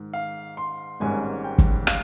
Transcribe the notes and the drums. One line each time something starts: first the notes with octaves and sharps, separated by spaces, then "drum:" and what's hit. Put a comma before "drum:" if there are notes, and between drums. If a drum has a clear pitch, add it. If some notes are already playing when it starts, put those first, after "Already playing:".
Already playing: G#2 D#3 G#3
F5
C6
G#1 G#2 G3 A#3 C#4 G#5
G5
drum: kick
F5, drum: rim click